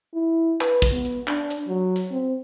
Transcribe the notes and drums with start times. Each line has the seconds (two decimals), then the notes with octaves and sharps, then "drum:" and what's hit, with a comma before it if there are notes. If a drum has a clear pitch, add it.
0.14 E4
0.61 B4, drum: clap
0.82 drum: kick
0.92 B3
1.05 drum: hi-hat
1.28 D4, drum: clap
1.50 drum: hi-hat
1.68 F#3
1.96 drum: hi-hat
2.11 C4